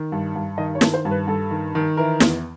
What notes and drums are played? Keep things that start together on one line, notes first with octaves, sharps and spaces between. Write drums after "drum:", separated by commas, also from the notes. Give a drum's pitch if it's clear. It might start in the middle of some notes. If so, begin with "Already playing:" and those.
Already playing: D#3
G2
G2
D#3 D#5
C#5
D#3, drum: snare
C5
G2
B4
G2 A4
D#3
D#3
E3 A#4
E2, drum: snare